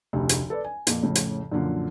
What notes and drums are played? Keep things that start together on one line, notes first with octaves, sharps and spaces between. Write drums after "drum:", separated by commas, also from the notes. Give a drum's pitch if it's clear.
F1 D2 C3
drum: hi-hat
A4 B4 D5
G#5
F2 A#2, drum: hi-hat
F2 A2 C#3
drum: hi-hat
F#2 A#2 D3 F3